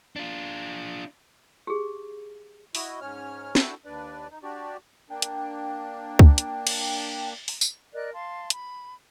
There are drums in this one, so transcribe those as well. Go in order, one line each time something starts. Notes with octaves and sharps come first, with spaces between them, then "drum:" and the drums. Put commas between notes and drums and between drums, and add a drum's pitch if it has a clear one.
D4 F4
G4 G#4
E4 F#4 D#5, drum: open hi-hat
G#2 C#4 C#5 F6
D4 E4 F#4 A4 G5, drum: snare
D#2 D4 B4 D5
D#4
D4 F#4 G4 D5
A#3 D4 G5
drum: hi-hat
drum: kick C#2
drum: hi-hat
drum: cymbal
drum: open hi-hat
drum: tambourine
A#4 D5 D#5 F#6
F5 A5 C6
B5, drum: hi-hat